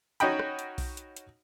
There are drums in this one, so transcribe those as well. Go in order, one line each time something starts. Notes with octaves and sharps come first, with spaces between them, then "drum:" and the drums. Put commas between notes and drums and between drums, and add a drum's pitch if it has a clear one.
C#4 D#4 F#4 D#5 G5 B5, drum: hi-hat
drum: rim click
drum: hi-hat
drum: kick B1, open hi-hat
drum: hi-hat
drum: hi-hat